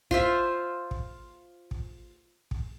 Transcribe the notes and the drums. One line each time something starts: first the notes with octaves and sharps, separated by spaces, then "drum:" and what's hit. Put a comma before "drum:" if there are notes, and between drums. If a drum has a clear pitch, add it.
F4 C5 E5, drum: kick
drum: kick
drum: kick
drum: kick